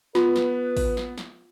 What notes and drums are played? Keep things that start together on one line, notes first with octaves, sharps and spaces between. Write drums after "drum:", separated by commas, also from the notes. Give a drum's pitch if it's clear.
B3 F4 B4, drum: snare
drum: snare
drum: kick A1, open hi-hat
drum: snare
drum: snare